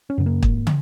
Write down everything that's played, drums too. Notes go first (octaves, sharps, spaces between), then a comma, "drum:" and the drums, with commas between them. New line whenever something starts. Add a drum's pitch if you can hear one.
C#4
F#2 C#3
A#3
G#1, drum: kick
drum: tom